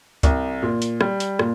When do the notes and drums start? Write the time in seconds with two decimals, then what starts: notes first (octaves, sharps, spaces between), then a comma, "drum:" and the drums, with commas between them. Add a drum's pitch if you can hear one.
0.23 C2, drum: kick C#2, hi-hat
0.63 A#2
0.82 drum: hi-hat
1.01 G3, drum: rim click
1.20 drum: hi-hat
1.39 A#2, drum: rim click